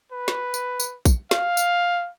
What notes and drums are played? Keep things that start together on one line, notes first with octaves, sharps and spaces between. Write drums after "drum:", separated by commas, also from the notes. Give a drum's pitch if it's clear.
B4
drum: snare
drum: tambourine
drum: tambourine
drum: kick A#1, tambourine
F5, drum: snare
drum: tambourine